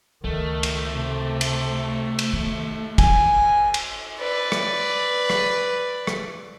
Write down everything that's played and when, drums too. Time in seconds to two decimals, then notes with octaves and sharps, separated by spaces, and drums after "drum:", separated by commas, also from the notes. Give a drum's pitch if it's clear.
0.24 C#2 D#3 A3
0.63 drum: cymbal
0.92 C3
1.41 drum: cymbal
2.19 drum: cymbal
2.33 D#3
2.98 G#5, drum: kick, cymbal
3.74 drum: cymbal
4.19 B4 D5
4.52 drum: rim click
5.30 drum: rim click
6.07 drum: rim click